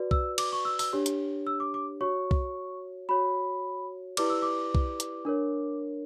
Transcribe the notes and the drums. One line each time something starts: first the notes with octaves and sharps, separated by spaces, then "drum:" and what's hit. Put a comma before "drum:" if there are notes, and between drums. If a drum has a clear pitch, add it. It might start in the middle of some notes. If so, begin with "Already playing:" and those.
Already playing: F#4 B4 D5
E6, drum: kick B1
D6, drum: cymbal
C#6
E6
E6, drum: open hi-hat
D4 G4 C#5
drum: hi-hat
E6
D6
D6
F#4 C#5 C#6
drum: kick B1
F#4 C#5 B5
E4 G4 B4 D5 D6, drum: cymbal
E6
D6
drum: kick B1
drum: hi-hat
D4 A#4 C#5